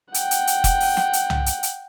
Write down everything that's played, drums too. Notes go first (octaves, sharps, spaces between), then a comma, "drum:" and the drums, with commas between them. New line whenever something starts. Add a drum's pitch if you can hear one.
F#5 G5, drum: hi-hat
drum: hi-hat
drum: hi-hat
drum: kick F1, hi-hat
drum: open hi-hat
drum: snare
drum: hi-hat
drum: tom C2
drum: hi-hat
drum: hi-hat